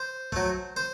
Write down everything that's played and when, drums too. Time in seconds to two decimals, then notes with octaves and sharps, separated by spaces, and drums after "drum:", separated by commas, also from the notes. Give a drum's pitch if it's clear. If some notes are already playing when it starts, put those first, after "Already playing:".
Already playing: C5
0.32 F#3 A3, drum: kick A#1
0.77 C5